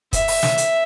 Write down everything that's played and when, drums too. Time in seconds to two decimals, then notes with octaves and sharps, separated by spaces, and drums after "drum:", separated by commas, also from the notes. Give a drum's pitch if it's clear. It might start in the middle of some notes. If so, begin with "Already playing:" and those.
0.13 E5, drum: kick, hi-hat
0.28 drum: open hi-hat
0.43 drum: snare
0.58 drum: hi-hat